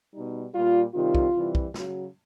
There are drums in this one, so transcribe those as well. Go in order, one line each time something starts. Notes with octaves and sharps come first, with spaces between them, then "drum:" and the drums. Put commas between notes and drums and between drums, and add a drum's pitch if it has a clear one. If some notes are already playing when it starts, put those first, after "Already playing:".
B2 G3 D#4
A#2 G3 F4
C3 D#3 G3 F4
drum: kick
C3 E3 G3
drum: kick
C#3 F#3 F#4, drum: snare